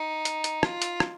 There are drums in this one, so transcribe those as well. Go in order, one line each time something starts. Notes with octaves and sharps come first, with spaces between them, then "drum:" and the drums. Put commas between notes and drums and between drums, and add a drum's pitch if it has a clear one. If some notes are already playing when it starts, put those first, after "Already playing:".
Already playing: D#4
drum: hi-hat
drum: hi-hat
F4, drum: rim click
drum: hi-hat
drum: rim click